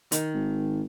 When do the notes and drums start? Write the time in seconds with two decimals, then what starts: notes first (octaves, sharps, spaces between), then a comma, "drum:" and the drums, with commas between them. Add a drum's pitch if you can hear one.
0.12 D#3, drum: hi-hat
0.34 G#1